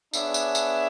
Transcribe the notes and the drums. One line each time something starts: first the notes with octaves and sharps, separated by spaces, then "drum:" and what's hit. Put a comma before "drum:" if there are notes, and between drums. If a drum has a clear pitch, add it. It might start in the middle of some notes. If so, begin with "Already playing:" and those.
B3 D4 G#4 C#5 E5, drum: tambourine
drum: tambourine
drum: tambourine